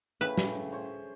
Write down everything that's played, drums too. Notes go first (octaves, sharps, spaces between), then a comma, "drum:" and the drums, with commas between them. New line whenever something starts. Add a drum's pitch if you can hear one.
A2 C#3 B4
drum: snare
C5 C#5 G#5